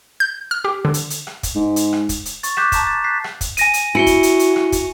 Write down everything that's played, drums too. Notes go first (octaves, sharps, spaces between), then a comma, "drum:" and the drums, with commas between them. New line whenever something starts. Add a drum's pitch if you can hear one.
G6
F6
G4
D3
drum: hi-hat
drum: hi-hat
drum: rim click
drum: kick, hi-hat
G#2
drum: hi-hat
drum: rim click
drum: kick, hi-hat
drum: hi-hat
C#6 A6, drum: hi-hat
D6 F#6 G6 A6 B6 E7, drum: rim click
A5 A#5 E7, drum: kick, hi-hat
A6
F#6 G6 A6 B6 C7
drum: rim click
drum: kick, hi-hat
G#5 A#6 D#7, drum: hi-hat
drum: hi-hat
E4 F#4 G#5 C#7 G7
drum: kick, hi-hat
drum: hi-hat
drum: hi-hat
drum: rim click
drum: kick, hi-hat